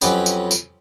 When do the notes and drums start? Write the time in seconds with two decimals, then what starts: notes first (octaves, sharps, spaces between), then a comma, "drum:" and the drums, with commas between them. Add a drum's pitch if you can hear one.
0.01 F2 F#3 C#4 G4 B4, drum: tambourine
0.26 drum: tambourine
0.51 drum: tambourine